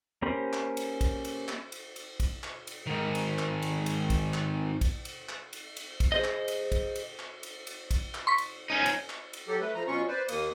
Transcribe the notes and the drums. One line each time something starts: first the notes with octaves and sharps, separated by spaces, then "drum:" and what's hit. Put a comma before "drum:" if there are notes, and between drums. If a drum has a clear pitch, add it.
A#3 C#4 G4 C5 B5
drum: clap
drum: cymbal
drum: kick, cymbal
drum: cymbal
drum: clap
drum: cymbal
drum: cymbal
drum: kick, cymbal
drum: clap
drum: cymbal
G#2 D#3
drum: cymbal
drum: clap
drum: cymbal
drum: cymbal
drum: kick, cymbal
drum: clap
drum: kick, cymbal
drum: cymbal
drum: clap
drum: cymbal
drum: cymbal
drum: kick, cymbal
G#4 C5 D#5
drum: clap
drum: cymbal
drum: kick, cymbal
drum: cymbal
drum: clap
drum: cymbal
drum: cymbal
drum: kick, cymbal
drum: clap
C6 C#6 B6
drum: cymbal
C#4 D#4
drum: cymbal
drum: clap
drum: cymbal
F#3 G4 A4
A3 B4
F3 A3 A#5
B2 F#3 C#4 F4 C#6
B4 C5 D5
D#2 A#3 D#6, drum: cymbal